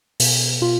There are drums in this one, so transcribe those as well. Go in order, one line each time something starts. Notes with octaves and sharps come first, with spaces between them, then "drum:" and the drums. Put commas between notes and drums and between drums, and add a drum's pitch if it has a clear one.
B2, drum: open hi-hat
B2 F4